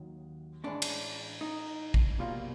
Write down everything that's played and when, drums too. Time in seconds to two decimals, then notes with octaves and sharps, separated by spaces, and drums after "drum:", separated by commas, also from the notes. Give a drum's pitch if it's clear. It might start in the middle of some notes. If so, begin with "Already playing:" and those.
Already playing: D#2 D#3 F#3
0.64 A2 E3 G#3 C#4 D4
0.82 drum: cymbal
1.41 D#4
1.94 drum: kick
2.19 C2 B2 G3 A#3 F4